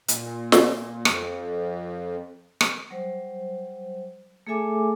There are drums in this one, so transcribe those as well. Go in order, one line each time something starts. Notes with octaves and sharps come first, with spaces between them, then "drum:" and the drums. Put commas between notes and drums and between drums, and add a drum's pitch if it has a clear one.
A#2, drum: hi-hat
drum: snare
F2, drum: rim click
drum: rim click
F#3 G3 C5
A3 G#4 A4 E5 G#5 D6